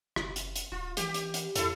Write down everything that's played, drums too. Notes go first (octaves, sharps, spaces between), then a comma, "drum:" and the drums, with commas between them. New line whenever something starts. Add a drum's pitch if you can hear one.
F#1, drum: rim click
drum: hi-hat
drum: hi-hat
D1 F4
E3 G4, drum: hi-hat
drum: hi-hat
drum: hi-hat
F2 E4 A4, drum: hi-hat